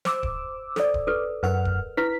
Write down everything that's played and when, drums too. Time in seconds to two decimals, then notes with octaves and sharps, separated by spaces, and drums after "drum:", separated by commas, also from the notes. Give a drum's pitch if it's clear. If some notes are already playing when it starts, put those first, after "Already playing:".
0.05 C5 D6 E6, drum: snare
0.23 drum: kick D1
0.76 A4 D5, drum: snare
0.94 drum: kick D1
1.07 A4 B4
1.43 F#2 A#4 B4 F#5 F6
1.65 drum: kick D1
1.97 E4 B4 B6